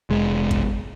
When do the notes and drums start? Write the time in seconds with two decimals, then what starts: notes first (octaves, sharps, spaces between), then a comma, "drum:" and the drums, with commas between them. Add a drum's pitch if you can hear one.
0.10 F1 G#3
0.51 drum: kick